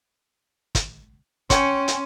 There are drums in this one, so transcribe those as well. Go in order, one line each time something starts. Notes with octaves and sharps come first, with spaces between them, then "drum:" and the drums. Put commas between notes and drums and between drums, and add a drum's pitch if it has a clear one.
drum: kick, hi-hat
C#4 C#5 G5 G#5 C6, drum: kick, hi-hat
drum: hi-hat